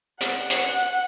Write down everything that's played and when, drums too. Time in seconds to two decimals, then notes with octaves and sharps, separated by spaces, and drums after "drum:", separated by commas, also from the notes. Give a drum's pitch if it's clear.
0.20 F#5, drum: hi-hat
0.50 drum: hi-hat